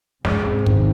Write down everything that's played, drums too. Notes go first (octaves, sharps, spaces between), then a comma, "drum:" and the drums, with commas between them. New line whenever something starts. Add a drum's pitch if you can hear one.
G#2 C3 G#3, drum: snare
C4
D#3, drum: kick